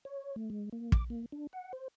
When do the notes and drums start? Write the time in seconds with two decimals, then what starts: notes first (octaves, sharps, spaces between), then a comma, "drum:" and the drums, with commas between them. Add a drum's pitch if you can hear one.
0.05 C#5
0.36 A3
0.50 G#3
0.73 A#3
0.92 D6, drum: kick
1.10 A#3
1.32 D4
1.53 F#5
1.73 C5